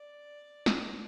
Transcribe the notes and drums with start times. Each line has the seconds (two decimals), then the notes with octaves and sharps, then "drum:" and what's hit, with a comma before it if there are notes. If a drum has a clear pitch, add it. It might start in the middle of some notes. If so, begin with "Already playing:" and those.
Already playing: D5
0.66 drum: snare